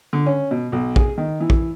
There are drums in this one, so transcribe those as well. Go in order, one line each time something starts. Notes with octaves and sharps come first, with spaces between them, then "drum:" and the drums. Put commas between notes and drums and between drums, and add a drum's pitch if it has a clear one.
D3
C#4
B2
B1
G#4, drum: kick
D#3
E3
drum: kick